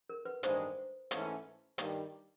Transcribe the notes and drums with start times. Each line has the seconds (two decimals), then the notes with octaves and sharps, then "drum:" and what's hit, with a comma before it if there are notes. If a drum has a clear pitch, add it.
0.09 A#4
0.25 B4
0.43 A1 G2 D#3 G#3 C5, drum: hi-hat
1.11 G#2 E3 A3 C#4, drum: hi-hat
1.78 G2 D#3 G3, drum: hi-hat